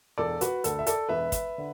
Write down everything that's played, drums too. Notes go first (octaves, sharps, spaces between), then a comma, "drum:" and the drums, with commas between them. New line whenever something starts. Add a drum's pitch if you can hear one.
E1 A4 D5
F#4 B4, drum: hi-hat
D2 D3 A4, drum: hi-hat
E5
A4 D5, drum: hi-hat
E1 B4 E5
drum: kick, hi-hat
D3